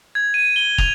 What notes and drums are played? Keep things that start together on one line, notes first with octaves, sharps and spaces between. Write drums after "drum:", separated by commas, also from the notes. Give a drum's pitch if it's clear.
G#6
D#7
G7
F7, drum: kick